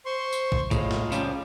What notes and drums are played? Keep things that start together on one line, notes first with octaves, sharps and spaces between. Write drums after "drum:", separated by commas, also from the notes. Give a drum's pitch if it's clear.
C5 C6 C#6
drum: tambourine
drum: kick
A2 D#4 F4 G#4, drum: kick, tambourine
drum: snare
C#3 F3 G3, drum: tambourine